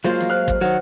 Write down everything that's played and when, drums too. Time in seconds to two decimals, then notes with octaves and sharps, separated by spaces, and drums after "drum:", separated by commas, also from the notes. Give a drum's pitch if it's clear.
0.04 F#3 G#3 A#3 F4 C5 F5
0.20 drum: snare
0.30 C5 F6 F#6
0.48 drum: kick
0.61 D#3 F#3 F#5